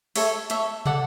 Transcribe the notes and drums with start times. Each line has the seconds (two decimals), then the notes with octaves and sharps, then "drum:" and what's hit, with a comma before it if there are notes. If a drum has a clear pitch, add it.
0.16 A4 C#5 E5, drum: open hi-hat
0.50 A4 C#5 E5, drum: hi-hat
0.86 A4 D5 F#5, drum: tom